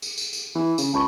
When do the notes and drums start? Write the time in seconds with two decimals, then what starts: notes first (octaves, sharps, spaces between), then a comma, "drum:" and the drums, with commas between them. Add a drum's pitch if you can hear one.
0.02 drum: tambourine
0.18 drum: tambourine
0.33 drum: tambourine
0.55 E3
0.78 C#3, drum: tambourine
0.94 C#2 A5 B5 C#6